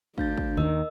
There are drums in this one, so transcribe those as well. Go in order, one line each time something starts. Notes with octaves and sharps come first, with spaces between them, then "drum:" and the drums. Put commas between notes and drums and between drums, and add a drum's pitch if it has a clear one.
D2 D4 F5 G6 A6, drum: kick
drum: kick
D#2 D#3 A#4 D#5 E6